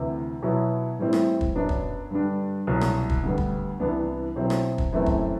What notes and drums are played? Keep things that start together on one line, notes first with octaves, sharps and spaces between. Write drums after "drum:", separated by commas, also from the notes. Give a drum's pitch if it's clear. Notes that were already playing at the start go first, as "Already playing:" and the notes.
Already playing: D2 C3 E3
B2 F#3 B3 E4
A2 E3 G3 C4 E4
drum: rim click
drum: kick
F#2 F#3 B3 D4
drum: kick
G2 D3 G3 D4
C2 B2 F#3
drum: rim click
drum: kick
D2 D3 G3 B3
drum: kick
C2 C3 E3 B3 D4
B2 F#3 C4 E4
drum: rim click
drum: kick
F#2 E3 A3 C4
drum: kick